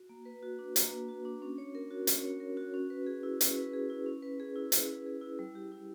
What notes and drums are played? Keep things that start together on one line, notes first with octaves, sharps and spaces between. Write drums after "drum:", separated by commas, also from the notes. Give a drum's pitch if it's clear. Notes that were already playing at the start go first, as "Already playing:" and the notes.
Already playing: F#4
A#3
B4
F#4
D4
A#3, drum: hi-hat
B4
F#4
D4
C#4
C#5
A#4
F#4
C#4, drum: hi-hat
C#5
A#4
F#4
C#4
B4
G#4
E4
C#4, drum: hi-hat
B4
G#4
E4
C#4
B4
G#4
E4
C#4, drum: hi-hat
B4
G#4
E4
G3
G4
E4